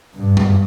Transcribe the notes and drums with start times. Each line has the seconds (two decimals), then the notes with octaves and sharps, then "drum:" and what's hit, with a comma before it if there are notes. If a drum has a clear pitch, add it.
0.16 G2
0.37 drum: tom